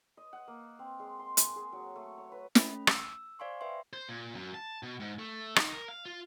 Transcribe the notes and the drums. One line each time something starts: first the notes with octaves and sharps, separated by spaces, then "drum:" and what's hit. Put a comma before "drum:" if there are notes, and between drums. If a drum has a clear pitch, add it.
D#5
F#5
A#3
C4
G#3
C6
G#5, drum: hi-hat
G#4
F#3
A3
C#5
B4
A3 C#4 B5, drum: snare
E6, drum: rim click
C5 D5 F5 G#5 C6 C#6
B4 E5 G5 C6
C5
A#2
F#2
A5
B2
G#2
A3
D#4, drum: rim click
A#4
F5
F4